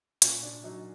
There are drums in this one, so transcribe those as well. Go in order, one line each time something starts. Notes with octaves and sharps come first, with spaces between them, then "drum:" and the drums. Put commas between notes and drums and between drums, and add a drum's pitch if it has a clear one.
A#2 C#4, drum: hi-hat
D4
F#3 D#4